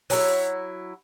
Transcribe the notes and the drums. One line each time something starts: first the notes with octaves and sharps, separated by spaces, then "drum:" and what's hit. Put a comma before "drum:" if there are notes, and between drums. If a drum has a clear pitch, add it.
F#3 E4, drum: open hi-hat